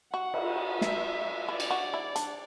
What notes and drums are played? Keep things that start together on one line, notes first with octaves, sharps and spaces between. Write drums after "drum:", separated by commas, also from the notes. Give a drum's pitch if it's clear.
F#4 F#5
drum: cymbal
E5, drum: snare
E4 D5
drum: cymbal
F#4
E4
D4, drum: hi-hat